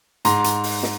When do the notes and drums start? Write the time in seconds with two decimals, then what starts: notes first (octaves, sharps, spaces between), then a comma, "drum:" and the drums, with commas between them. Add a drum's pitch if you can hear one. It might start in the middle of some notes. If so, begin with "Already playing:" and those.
0.25 G#2 A#5 C6, drum: hi-hat
0.44 drum: hi-hat
0.64 drum: open hi-hat
0.83 drum: snare